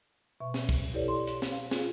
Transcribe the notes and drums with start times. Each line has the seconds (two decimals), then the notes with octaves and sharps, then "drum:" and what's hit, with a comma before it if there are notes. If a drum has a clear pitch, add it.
0.40 B2 E5 C#6
0.54 drum: snare
0.69 drum: kick, open hi-hat
0.94 E4 G4 A4 B4 C#5 D5
1.08 C6
1.27 drum: hi-hat
1.42 drum: snare
1.52 F5
1.71 F4 G#4, drum: snare